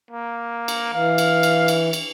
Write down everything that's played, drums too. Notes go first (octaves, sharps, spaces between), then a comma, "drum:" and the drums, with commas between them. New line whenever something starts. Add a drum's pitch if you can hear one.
A#3
drum: cymbal
E3 F5
drum: cymbal
drum: cymbal
drum: cymbal
drum: cymbal